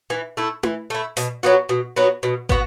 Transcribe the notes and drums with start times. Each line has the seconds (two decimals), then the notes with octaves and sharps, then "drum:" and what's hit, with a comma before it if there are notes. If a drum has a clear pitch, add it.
0.10 E3
0.37 A3 E4
0.63 E3, drum: tom E4
0.90 A3 E4
1.17 B2, drum: hi-hat
1.43 F#3 B3 F#4
1.69 B2
1.96 F#3 B3 F#4
2.23 B2
2.49 B3 F#4, drum: kick